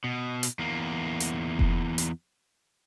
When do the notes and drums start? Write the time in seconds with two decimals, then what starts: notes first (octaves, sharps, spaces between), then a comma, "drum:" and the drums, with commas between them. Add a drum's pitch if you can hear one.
0.04 B2
0.43 drum: hi-hat
0.59 E2 A#3
1.20 drum: hi-hat
1.59 drum: kick F1
1.98 drum: hi-hat